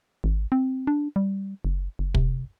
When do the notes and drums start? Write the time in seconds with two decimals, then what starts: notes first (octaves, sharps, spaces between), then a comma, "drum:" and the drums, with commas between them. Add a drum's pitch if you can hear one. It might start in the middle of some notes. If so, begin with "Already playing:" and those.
0.24 G#1
0.52 C4
0.87 D4
1.16 G3
1.65 F#1
1.99 F#1
2.15 C3, drum: kick